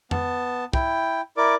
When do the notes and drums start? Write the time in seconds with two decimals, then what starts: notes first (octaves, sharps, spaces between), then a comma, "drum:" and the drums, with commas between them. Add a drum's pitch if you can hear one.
0.11 B3 A5, drum: tom F2
0.73 E4 G5, drum: kick
1.37 E4 A#4 D5 D6